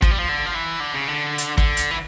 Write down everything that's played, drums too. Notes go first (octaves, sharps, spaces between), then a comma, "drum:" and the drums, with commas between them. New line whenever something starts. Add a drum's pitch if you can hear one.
F3, drum: kick
G3
F3
D3
F3
E3
D3
C#3
D3
drum: hi-hat
D3, drum: kick
drum: hi-hat
E3